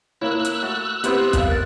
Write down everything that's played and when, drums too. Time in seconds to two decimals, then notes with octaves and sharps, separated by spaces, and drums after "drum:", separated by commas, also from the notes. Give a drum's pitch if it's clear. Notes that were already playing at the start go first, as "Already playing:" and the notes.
0.21 A#3 E4 C#5 E6 F#6
0.45 drum: hi-hat
0.63 A3 F#4
1.04 B3 C4 E4 G4 B4 C5 D#6, drum: hi-hat
1.33 F3 F5, drum: kick, hi-hat
1.48 A#4 F#6 A6